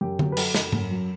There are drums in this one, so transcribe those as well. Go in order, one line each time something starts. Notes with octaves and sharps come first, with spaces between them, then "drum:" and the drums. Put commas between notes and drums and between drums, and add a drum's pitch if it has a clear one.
F#2 G4
F#3, drum: tom D3
B4
F#3 A4, drum: cymbal
F#2, drum: snare
F#2, drum: tom G#2
F#3